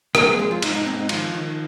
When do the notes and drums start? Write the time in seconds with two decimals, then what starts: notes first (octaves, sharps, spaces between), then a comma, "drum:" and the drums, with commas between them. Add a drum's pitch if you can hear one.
0.15 C3 A#3 A#4, drum: rim click
0.27 G#3 G#4
0.39 F2 G#3 G#4
0.51 F3 F4
0.62 G#2 D#4, drum: cymbal
0.75 D#4
0.86 G#2 C4
0.99 D#4
1.09 D#3 F3 F4, drum: cymbal
1.34 D#3